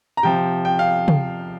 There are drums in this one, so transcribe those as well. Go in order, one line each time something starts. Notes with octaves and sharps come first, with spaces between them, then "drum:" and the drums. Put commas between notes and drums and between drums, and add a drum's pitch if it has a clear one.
A#5
C3 F3 G5
G5
F5
drum: tom